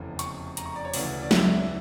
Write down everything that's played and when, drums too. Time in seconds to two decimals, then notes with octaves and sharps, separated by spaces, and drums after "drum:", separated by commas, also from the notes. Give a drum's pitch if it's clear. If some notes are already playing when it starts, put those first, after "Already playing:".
Already playing: F1 E2 C#3 E3
0.19 C#6, drum: hi-hat
0.57 A#5, drum: hi-hat
0.66 C#6
0.76 D5
0.85 C#5
0.94 D2 C#3 E3 D5, drum: open hi-hat
1.22 D5
1.31 E5, drum: snare